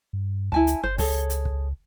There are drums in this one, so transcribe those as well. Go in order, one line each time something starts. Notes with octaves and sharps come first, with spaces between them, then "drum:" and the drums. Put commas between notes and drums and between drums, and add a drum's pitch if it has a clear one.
G2
D2 E4 G#5 A5, drum: kick
drum: hi-hat
G1 C5
C#2 G#4 A4 C#5, drum: kick, open hi-hat
drum: hi-hat
drum: kick